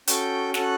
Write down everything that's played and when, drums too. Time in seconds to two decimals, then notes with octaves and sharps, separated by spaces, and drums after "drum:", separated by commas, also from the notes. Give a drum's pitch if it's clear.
0.07 C#4 F#4 A4 G5 G6, drum: hi-hat
0.54 C#4 F#4 A4 F#5 F#6, drum: snare